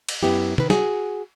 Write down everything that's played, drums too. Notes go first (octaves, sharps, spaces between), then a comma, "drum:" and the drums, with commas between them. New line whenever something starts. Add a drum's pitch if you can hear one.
drum: cymbal
F#2 B3 E4 G4
D#3 B4, drum: tom
F#4 G#4, drum: snare